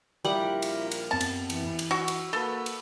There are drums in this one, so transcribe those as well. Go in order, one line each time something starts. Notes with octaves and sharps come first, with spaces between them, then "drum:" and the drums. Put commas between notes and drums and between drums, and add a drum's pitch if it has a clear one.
A#1 G3 E4 F4 A#4 E5 F#5
drum: cymbal
drum: cymbal
F#2 B3 C4 A5
drum: cymbal
E3, drum: cymbal
drum: cymbal
F#4 E6
drum: cymbal
A#3 F#4 A4 B4
drum: cymbal